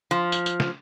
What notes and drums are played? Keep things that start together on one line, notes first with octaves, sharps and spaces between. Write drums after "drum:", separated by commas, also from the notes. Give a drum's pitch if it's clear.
F3
drum: tambourine
drum: tambourine
drum: snare